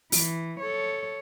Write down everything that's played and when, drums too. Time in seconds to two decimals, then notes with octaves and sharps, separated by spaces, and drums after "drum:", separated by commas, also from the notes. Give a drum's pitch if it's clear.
0.12 E3, drum: open hi-hat
0.59 A4 C#5